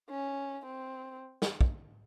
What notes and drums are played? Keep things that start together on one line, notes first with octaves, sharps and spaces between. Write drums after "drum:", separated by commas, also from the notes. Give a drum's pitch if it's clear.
C#4
C4
drum: snare
drum: kick